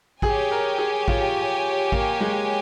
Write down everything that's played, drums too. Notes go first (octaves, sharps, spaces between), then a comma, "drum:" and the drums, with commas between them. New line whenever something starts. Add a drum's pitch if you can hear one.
G4 G#4 C#5 G#5, drum: kick A1
A#4
G#4
F4, drum: kick A1
A#3, drum: kick A1
G#3